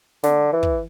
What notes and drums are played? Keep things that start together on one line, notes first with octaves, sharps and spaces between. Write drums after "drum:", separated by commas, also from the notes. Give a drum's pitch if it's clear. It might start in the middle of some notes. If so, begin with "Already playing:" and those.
D3, drum: snare
E3
drum: kick